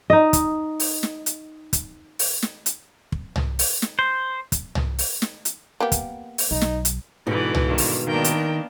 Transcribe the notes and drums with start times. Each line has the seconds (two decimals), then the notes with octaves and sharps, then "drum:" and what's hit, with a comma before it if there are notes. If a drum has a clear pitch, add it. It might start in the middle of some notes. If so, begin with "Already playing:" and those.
0.10 D#4 D#5
0.33 drum: kick, hi-hat
0.80 drum: open hi-hat
1.03 drum: snare
1.26 drum: hi-hat
1.73 drum: kick, hi-hat
2.19 drum: open hi-hat
2.42 drum: snare
2.66 drum: hi-hat
3.12 drum: kick
3.36 drum: tom
3.59 drum: open hi-hat
3.82 drum: snare
3.99 C5
4.52 drum: kick, hi-hat
4.75 drum: tom
4.99 drum: open hi-hat
5.22 drum: snare
5.45 drum: hi-hat
5.80 A#3 B3 G4
5.92 drum: kick, hi-hat
6.38 drum: open hi-hat
6.51 B1 D#4
6.61 drum: snare
6.85 drum: hi-hat
7.27 G#2 B2 D3 E3
7.55 drum: tom
7.64 G2 D#3
7.78 drum: open hi-hat
8.07 D#3 A#3 B3 D4 A#4 G5
8.24 drum: hi-hat